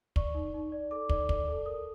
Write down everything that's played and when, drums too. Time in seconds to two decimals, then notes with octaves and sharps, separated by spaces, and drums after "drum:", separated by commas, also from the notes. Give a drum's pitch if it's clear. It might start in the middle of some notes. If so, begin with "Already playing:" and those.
0.16 D5 C#6, drum: kick
0.34 D#4
0.54 D#4
0.72 D5
0.91 A4 D6
1.09 D5, drum: kick
1.29 D5, drum: kick
1.48 A4
1.66 A#4 D#6